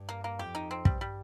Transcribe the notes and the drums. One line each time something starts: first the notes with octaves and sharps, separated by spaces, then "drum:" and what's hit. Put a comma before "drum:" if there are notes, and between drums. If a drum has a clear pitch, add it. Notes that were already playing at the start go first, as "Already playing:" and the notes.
Already playing: G2
A#3
A#3
F2 G4
D#4
C4
G2 G3, drum: kick
G3